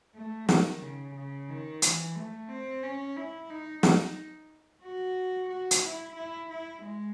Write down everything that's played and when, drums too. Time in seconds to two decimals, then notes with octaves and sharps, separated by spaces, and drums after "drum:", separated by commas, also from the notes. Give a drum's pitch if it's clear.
0.15 A3
0.49 D#3, drum: snare
0.82 C#3
1.15 C#3
1.49 D#3
1.82 E3, drum: hi-hat
2.16 A3
2.49 C4
2.82 C#4
3.16 E4
3.50 D#4
3.83 D#4, drum: snare
4.83 F#4
5.49 F#4
5.71 drum: hi-hat
5.83 E4
6.16 E4
6.50 E4
6.83 G#3